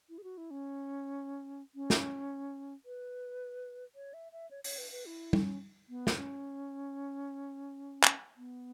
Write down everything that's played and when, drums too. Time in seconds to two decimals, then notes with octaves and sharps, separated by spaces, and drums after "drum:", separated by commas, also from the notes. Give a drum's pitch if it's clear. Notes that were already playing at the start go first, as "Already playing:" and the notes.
0.09 E4
0.18 G#4
0.24 F#4
0.38 E4
0.51 C#4
1.75 C#4
1.90 drum: snare
2.85 B4
3.95 C#5
4.14 E5
4.32 E5
4.51 C#5
4.64 C#5, drum: open hi-hat
4.78 B4
4.91 B4
5.06 E4
5.33 C#4, drum: tom
5.89 B3
6.07 drum: snare
6.16 C#4
8.03 drum: clap
8.37 B3